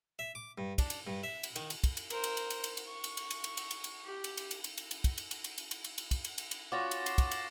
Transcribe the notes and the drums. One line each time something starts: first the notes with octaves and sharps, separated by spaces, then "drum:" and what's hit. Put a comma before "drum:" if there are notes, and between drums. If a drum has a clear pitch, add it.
E5
D6
G2
D4, drum: kick, cymbal
drum: cymbal
G2
E5
drum: cymbal
D#3, drum: cymbal
drum: cymbal
drum: kick, cymbal
drum: cymbal
A#4 C5, drum: cymbal
drum: cymbal
drum: cymbal
drum: cymbal
drum: cymbal
drum: cymbal
C#6
drum: cymbal
drum: cymbal
drum: cymbal
drum: cymbal
drum: cymbal
drum: cymbal
drum: cymbal
G4
drum: cymbal
drum: cymbal
drum: cymbal
drum: cymbal
drum: cymbal
drum: cymbal
drum: kick, cymbal
drum: cymbal
drum: cymbal
drum: cymbal
drum: cymbal
drum: cymbal
drum: cymbal
drum: cymbal
drum: kick, cymbal
drum: cymbal
drum: cymbal
drum: cymbal
C#4 F4 F#4 D6 A6 A#6
drum: cymbal
C7 E7, drum: cymbal
drum: kick, cymbal
drum: cymbal